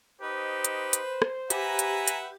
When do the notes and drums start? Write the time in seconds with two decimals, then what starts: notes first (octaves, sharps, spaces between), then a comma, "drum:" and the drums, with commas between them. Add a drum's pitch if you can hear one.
0.21 D#4 G4 B4 C5 D#5
0.64 drum: hi-hat
0.93 drum: hi-hat
1.22 drum: rim click
1.50 G4 B4 E5 F#5 G#5 A#5, drum: hi-hat
1.79 drum: hi-hat
2.08 drum: hi-hat